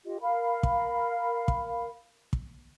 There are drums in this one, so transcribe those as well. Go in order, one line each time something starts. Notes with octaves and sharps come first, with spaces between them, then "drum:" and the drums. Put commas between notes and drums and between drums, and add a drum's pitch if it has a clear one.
F4 G4 D#5
A#4 F5 B5
drum: kick
drum: kick
drum: kick